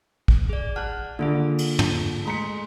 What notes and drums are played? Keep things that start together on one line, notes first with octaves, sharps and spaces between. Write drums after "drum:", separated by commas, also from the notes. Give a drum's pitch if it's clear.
drum: kick
G#4 D5
F#5 A5 F6 F#6
D3 A#3 F4 G#4
drum: cymbal
drum: tom
G#3 A3 A#5 C6 B6 C#7